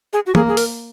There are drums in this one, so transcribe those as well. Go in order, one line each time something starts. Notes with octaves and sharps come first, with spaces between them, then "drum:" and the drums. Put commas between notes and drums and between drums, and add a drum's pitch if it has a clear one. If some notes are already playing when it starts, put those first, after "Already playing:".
G#4
F#4
A#3 G#4, drum: tom
G#4
A#4, drum: open hi-hat